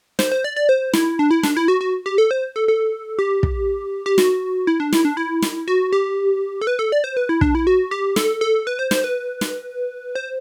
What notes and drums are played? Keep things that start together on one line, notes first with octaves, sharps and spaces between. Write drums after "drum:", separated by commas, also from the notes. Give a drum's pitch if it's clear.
C5, drum: snare
C5
D5
D5
C5
E4, drum: snare
D4
E4
D4, drum: snare
E4
F#4
F#4
G4
A4
C5
A4
A4
G4
drum: kick
G4
F#4, drum: snare
E4
D4
E4, drum: snare
D4
E4
drum: snare
F#4
G4
A4
B4
A4
D5
C5
B4
E4
D4, drum: kick
E4
F#4
G4
A4, drum: snare
A4
B4
C5
C5, drum: snare
B4
drum: snare
C5